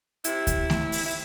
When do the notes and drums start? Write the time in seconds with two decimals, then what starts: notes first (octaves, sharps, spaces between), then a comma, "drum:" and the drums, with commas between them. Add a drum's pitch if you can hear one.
0.24 C3 E4, drum: hi-hat
0.47 drum: kick D2, hi-hat
0.70 C3, drum: snare A3
0.92 drum: open hi-hat
1.06 E4